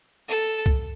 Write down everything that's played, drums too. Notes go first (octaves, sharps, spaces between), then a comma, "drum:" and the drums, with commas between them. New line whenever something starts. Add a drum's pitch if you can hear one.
A4
drum: kick